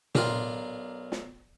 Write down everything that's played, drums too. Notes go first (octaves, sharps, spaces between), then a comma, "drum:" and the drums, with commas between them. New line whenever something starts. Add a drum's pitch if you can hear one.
B1 D4 F4 A#4 C6, drum: tom A#2
drum: snare